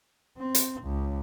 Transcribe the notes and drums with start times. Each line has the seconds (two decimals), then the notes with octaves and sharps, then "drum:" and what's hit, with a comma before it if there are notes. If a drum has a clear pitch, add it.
0.38 C4
0.55 drum: hi-hat
0.82 C#2